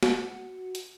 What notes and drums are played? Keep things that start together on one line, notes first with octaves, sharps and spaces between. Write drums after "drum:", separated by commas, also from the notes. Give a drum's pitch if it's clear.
F#4, drum: snare
drum: hi-hat